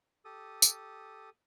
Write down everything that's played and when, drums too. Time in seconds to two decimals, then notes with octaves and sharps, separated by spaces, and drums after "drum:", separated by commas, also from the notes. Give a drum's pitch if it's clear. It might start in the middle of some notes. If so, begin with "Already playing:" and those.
0.25 G4 A4 D#6
0.62 drum: tambourine